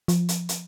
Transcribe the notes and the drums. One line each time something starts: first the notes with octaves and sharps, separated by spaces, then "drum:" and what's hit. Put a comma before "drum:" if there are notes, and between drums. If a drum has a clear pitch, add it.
F3, drum: hi-hat
drum: hi-hat
drum: hi-hat